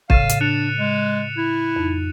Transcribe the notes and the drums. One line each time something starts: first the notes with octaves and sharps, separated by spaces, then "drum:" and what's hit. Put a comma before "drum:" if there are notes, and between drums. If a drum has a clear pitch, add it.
A2 C#3 F5 A6 D#7 E7, drum: kick
drum: hi-hat
D4 F#6 C#7 F7
G#3
E4
F2 D#4